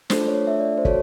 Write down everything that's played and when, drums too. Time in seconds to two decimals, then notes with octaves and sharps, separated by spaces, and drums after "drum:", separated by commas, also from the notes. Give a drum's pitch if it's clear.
0.10 A3 D4 F4 A4 C5, drum: snare
0.28 C#5
0.47 E5
0.60 D5
0.78 C5
0.85 F#4 A4 C#5, drum: kick